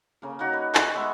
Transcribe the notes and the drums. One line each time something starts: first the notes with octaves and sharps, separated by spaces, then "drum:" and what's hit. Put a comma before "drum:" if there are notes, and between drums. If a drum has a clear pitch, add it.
C#3 A#3
A#3 D#4 F#4
B4
drum: clap
G#3 B3 E5 F#5